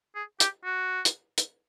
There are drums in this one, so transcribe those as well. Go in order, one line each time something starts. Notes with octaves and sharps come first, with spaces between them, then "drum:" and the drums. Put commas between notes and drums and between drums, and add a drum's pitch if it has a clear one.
G#4
G4, drum: hi-hat
F#4
drum: hi-hat
drum: hi-hat